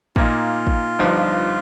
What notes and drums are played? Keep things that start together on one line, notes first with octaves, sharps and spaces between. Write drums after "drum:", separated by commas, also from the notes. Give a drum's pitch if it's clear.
A#2 A#3 D#4 F4, drum: kick
drum: kick
G1 G2 F3 D#4